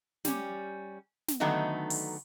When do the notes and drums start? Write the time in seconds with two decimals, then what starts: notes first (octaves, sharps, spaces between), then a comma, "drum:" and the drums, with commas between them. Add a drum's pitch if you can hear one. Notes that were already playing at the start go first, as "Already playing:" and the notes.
0.25 G3 C#4, drum: snare
1.28 drum: snare
1.40 D3 D#3 F#3 A3 B3 D#4
1.90 drum: open hi-hat